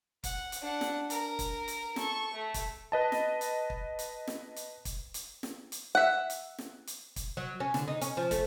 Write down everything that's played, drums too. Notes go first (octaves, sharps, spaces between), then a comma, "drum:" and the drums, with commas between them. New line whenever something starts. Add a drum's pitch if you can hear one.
F#5, drum: kick, hi-hat
drum: hi-hat
D4 F#5
drum: snare
A#4 A#5, drum: hi-hat
drum: kick, hi-hat
drum: hi-hat
A4 C#6, drum: snare
A3
drum: kick, hi-hat
B4 D#5 A5
drum: snare
drum: hi-hat
drum: kick
drum: hi-hat
drum: snare
drum: hi-hat
drum: kick, hi-hat
drum: hi-hat
drum: snare
drum: hi-hat
E5 F#5
drum: hi-hat
drum: snare
drum: hi-hat
drum: kick, hi-hat
F#3
C#4
D3, drum: snare
D#4
C#4, drum: hi-hat
F3
A3, drum: kick, hi-hat